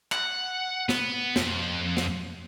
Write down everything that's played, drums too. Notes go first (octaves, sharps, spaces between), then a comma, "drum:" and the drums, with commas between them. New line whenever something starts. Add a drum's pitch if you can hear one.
F#5, drum: clap
B3, drum: snare
F2, drum: snare
drum: snare